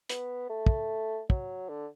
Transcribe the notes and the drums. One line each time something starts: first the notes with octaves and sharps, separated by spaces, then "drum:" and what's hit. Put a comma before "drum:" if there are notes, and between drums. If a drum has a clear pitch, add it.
B3, drum: hi-hat
A3
drum: kick
F#3, drum: kick
D3